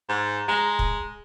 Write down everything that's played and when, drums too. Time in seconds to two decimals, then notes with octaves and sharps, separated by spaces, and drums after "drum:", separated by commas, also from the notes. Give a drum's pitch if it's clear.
0.09 G#2
0.48 G#3 A#5
0.79 drum: kick